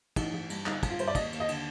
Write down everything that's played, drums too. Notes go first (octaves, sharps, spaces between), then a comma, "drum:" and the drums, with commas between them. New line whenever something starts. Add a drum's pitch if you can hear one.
A1 D#4, drum: kick, cymbal
A1
G2, drum: cymbal
G1 D#4, drum: clap
G1, drum: kick, cymbal
F4
G2 C5, drum: cymbal
D5
D#2 D#5, drum: kick, cymbal
D#2, drum: cymbal
D#5
D3, drum: cymbal